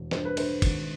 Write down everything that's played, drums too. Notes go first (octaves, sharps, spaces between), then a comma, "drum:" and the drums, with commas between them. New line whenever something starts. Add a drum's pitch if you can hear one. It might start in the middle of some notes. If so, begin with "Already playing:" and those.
Already playing: E1
G2 C5, drum: snare
B4
D3 C5, drum: cymbal
G#1, drum: kick, cymbal